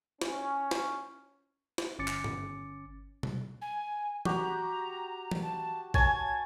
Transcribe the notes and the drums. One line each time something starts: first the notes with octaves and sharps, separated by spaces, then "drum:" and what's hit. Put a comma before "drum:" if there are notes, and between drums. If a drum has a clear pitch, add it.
C#4, drum: snare
drum: snare
drum: snare
G1 C#4 D6 A6 C#7
drum: clap
drum: tom G2
drum: tom B2
G#5
F#4 G4 A#5, drum: tom E3
drum: tom E3
A5
C#5 G#5 A5 G#6, drum: kick